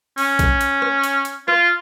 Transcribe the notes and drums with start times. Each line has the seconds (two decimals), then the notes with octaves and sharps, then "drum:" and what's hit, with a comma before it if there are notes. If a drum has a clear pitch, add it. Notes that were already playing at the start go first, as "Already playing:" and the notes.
0.18 C#4, drum: open hi-hat
0.39 drum: kick A#1, hi-hat
0.61 drum: hi-hat
0.82 drum: rim click
1.04 drum: hi-hat
1.25 drum: hi-hat
1.48 F4, drum: rim click